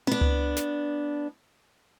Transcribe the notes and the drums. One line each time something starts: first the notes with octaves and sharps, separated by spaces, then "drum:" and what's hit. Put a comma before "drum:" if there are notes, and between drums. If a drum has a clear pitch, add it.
B3 D4, drum: tom
drum: tom C#2
drum: snare